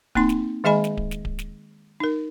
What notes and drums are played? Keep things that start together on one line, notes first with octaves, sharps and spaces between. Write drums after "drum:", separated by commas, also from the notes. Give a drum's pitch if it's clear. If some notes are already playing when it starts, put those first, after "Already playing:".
A#3 C4 D#4 C6, drum: kick D1
drum: snare
D#3 G#3 G#4 D#5 G#5 B5
drum: snare
drum: kick D1
drum: snare
drum: kick D1
drum: snare
D#4 A#4